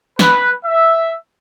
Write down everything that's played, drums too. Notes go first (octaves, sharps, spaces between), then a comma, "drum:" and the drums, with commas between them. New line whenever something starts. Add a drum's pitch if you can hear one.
B4, drum: snare
E5